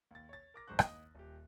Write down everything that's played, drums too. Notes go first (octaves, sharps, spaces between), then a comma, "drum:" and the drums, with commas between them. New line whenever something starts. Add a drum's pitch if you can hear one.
D#2 A6
C#5 A6
A#4 D6 A#6
A1 F#2 G#3 C5 C#6 F#6
D#2 D#5 D#6, drum: rim click
D#1 G4